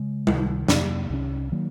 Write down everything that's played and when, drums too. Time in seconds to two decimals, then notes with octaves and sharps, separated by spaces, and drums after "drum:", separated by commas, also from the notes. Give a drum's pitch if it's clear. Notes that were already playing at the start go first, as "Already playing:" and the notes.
Already playing: C#3 G#3
0.27 C#2 C3 D#3, drum: tom G3
0.68 F2 C3 F#3 A#3, drum: snare
1.10 C2 C3 F#3 C#4
1.52 D#3 F#3 A#3